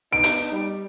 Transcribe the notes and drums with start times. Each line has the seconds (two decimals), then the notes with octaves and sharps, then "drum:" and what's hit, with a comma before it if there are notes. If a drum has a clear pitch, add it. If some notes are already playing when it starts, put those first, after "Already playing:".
0.13 B3 D4 D#4 D7
0.24 drum: hi-hat
0.53 G3